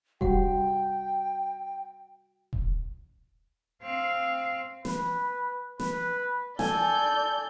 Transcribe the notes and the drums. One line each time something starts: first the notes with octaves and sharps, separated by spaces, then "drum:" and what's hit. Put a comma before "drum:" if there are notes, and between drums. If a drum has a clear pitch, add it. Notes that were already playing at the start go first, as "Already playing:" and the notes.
G3 F#4 F#5 G5, drum: kick D#1
drum: kick D#1
C4 F5
B4, drum: snare
B4, drum: snare
A4 D5 G#5 G6, drum: snare